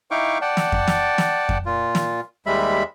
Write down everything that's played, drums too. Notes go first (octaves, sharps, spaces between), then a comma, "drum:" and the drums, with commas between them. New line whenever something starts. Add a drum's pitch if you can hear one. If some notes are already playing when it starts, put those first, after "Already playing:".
D#4 E4 F5 G5 C#6 D6
D5 F#5 G5 A5
drum: snare
drum: kick F2
drum: snare
drum: snare
drum: kick F2
A#2 F4
drum: snare
D#2 G3 G#3 E5 B5